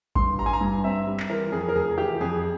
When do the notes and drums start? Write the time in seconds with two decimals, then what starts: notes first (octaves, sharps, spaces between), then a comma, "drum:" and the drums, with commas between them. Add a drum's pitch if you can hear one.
0.15 G2 C6, drum: kick G#1
0.38 G3 A#5
0.46 G#5
0.53 A#5
0.61 G2
0.84 C4 E5
1.07 G3
1.20 drum: clap
1.29 E3 A#4
1.52 F2 G#4
1.69 A#4
1.75 F1 G#4
1.98 E3 G4
2.21 F2 G#4